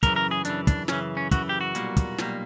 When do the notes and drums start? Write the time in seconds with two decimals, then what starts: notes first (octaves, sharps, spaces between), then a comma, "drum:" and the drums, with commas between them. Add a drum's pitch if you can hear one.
0.03 F#2 C#3 E3 A#4, drum: kick, hi-hat
0.16 A#4
0.31 G#4
0.45 F#2 C#3 E3 D4, drum: hi-hat
0.67 D4, drum: kick, hi-hat
0.88 F#2 C#3 E3 C#4, drum: snare
1.17 C#4
1.31 F#2 C#3 E3 F#4, drum: kick, hi-hat
1.49 G4
1.61 F#4
1.75 B1 A#2 G3 A#3, drum: hi-hat
1.97 drum: kick, hi-hat
2.18 B1 A#2 G3 A#3, drum: snare